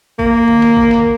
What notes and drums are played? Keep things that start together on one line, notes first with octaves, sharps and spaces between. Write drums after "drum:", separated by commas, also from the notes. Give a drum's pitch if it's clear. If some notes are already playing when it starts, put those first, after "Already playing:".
A#3, drum: kick G#1
drum: tom D3
drum: snare
drum: kick G#1
drum: snare